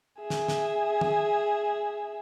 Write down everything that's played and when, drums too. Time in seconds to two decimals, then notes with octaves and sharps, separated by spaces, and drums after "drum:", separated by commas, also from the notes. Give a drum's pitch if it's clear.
0.20 G#4 E5
0.30 drum: snare
0.48 drum: snare
1.01 drum: tom